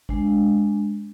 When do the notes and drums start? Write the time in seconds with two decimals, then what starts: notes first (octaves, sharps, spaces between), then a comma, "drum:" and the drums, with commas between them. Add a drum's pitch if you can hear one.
0.09 G#3 D4, drum: kick G#1